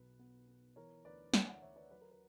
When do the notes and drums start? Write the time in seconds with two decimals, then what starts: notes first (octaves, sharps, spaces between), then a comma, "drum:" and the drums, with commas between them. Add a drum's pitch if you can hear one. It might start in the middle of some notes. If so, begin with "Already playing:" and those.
Already playing: B1 B2 B4
0.19 B3
0.48 B3
0.76 E3 A#4 C#5
1.05 D2 B4 D5
1.34 D2 C#5 E5, drum: snare
1.48 D5 F#5
1.62 D2 C#5 E5
1.76 B4 D5
1.90 F#3 B4
2.01 A#4
2.11 B4